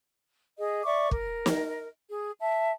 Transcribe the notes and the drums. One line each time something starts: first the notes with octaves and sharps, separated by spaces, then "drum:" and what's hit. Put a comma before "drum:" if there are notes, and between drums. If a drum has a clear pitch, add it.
G#4 D#5
D5 E5 C#6 D6
A#4, drum: kick
drum: snare
G#4
E5 A5